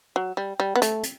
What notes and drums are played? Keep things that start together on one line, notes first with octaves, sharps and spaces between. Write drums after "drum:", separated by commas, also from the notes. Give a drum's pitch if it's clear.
F#3
G3
G3
B3
A3, drum: hi-hat
drum: hi-hat